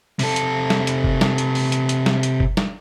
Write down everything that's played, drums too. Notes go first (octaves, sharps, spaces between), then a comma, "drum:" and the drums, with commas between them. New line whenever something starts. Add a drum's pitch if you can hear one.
C3 A4, drum: open hi-hat
drum: hi-hat
drum: snare
drum: hi-hat
drum: kick F#1
drum: snare
drum: hi-hat
drum: open hi-hat
drum: hi-hat
drum: hi-hat
drum: snare
drum: hi-hat
drum: kick F#1
drum: snare